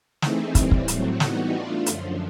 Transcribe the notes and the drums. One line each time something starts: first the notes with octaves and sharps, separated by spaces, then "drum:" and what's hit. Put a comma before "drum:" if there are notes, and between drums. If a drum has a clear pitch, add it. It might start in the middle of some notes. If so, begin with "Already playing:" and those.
E3 A3 C4 D#4 G#4, drum: snare
A2 E3 G3 C4, drum: kick, hi-hat
drum: kick
A2 F#3 A3 C4, drum: hi-hat
E3 G3 B3 D#4 F#4, drum: snare
A3 D4 F4
F#2 D3 F3, drum: hi-hat